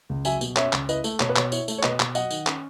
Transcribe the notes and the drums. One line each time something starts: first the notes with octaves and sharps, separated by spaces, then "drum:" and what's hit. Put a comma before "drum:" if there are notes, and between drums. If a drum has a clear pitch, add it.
C#2
F#3 E5 G#5, drum: tambourine
B2, drum: tambourine
C#4 C#5 E5, drum: clap
C#2, drum: clap
E4 B4 D#5, drum: tambourine
A3, drum: tambourine
B2 C#5, drum: clap
B4
B2 C#5, drum: clap
E4 C#5, drum: tambourine
A3, drum: tambourine
C#5
B2 B4 D#5, drum: clap
B2, drum: clap
F#3 D#5 F#5, drum: tambourine
D#3, drum: tambourine
C#4, drum: clap